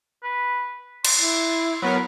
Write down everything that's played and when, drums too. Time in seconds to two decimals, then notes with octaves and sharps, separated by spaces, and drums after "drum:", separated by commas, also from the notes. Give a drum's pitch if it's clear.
0.23 B4
1.05 C6, drum: cymbal
1.18 E4
1.82 F#3 B3 A#4 B4